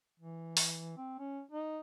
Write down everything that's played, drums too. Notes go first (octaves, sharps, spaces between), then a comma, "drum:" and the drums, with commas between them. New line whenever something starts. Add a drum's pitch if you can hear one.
E3
drum: open hi-hat
C4
C#4
D#4